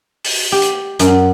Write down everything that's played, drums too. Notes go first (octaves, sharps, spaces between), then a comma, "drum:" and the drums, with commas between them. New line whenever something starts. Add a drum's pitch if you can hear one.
drum: open hi-hat
G4
drum: hi-hat
F#2, drum: hi-hat